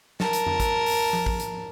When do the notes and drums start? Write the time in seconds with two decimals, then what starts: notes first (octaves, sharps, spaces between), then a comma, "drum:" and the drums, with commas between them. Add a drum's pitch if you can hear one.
0.20 A#4 A5, drum: snare
0.33 drum: hi-hat
0.46 drum: tom F2
0.60 drum: kick, hi-hat
0.86 drum: open hi-hat
1.13 drum: tom F3
1.26 drum: kick
1.40 drum: hi-hat